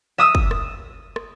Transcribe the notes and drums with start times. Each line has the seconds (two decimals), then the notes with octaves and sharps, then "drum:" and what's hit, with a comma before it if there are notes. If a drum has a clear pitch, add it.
0.18 E5 D#6 E6
0.35 drum: kick
0.51 drum: rim click
1.16 drum: rim click